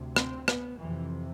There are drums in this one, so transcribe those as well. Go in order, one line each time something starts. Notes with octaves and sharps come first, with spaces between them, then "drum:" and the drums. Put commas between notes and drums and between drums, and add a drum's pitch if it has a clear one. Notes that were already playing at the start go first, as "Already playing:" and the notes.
Already playing: D2 C3
C4, drum: rim click
B3, drum: rim click
F2 C3 E3